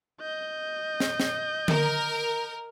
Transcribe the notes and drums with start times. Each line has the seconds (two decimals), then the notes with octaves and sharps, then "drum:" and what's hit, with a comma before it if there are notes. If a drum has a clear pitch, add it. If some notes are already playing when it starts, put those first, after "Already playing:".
0.20 D#5 G6
1.00 drum: snare
1.20 drum: snare
1.68 A#4, drum: tom D3